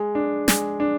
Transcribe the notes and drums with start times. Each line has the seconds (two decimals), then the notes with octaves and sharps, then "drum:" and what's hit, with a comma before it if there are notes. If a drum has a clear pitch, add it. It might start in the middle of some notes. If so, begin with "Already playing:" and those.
Already playing: G#3
0.15 D4
0.48 G#3, drum: snare
0.80 D4